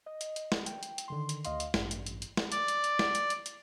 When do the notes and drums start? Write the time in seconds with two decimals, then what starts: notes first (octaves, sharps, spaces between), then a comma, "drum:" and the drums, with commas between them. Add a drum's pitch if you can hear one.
0.06 D#5
0.21 drum: hi-hat
0.36 drum: hi-hat
0.52 drum: snare
0.66 G5, drum: hi-hat
0.83 drum: hi-hat
0.98 drum: hi-hat
1.08 D3 D#3 C6
1.29 drum: hi-hat
1.45 D2 D#5 F5 C6, drum: hi-hat
1.60 drum: hi-hat
1.74 A1 G2, drum: snare
1.91 drum: hi-hat
2.06 drum: hi-hat
2.22 drum: hi-hat
2.37 drum: snare
2.52 D5, drum: hi-hat
2.68 drum: hi-hat
2.84 drum: hi-hat
2.99 drum: snare
3.15 drum: hi-hat
3.30 drum: hi-hat
3.46 drum: hi-hat